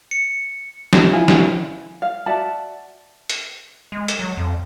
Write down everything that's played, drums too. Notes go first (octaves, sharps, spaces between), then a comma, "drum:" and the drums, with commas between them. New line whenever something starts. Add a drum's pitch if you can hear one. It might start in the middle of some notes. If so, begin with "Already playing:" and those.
C#7
drum: snare
E4 F4 G#5
drum: snare
F5
F#4 D5 E5 A5
drum: hi-hat
G#3
drum: hi-hat
F#3
F2